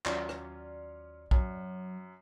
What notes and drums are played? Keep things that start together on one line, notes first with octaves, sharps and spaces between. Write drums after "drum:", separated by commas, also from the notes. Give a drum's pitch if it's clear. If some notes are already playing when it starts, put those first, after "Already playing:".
D#2 F#3 C#4 F4 D5, drum: clap
drum: rim click
F#2 F#3, drum: kick